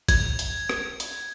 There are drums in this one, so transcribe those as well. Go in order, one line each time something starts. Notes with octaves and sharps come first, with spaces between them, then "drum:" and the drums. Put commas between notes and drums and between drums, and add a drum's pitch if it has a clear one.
G#6, drum: kick, hi-hat
drum: hi-hat
drum: rim click
drum: hi-hat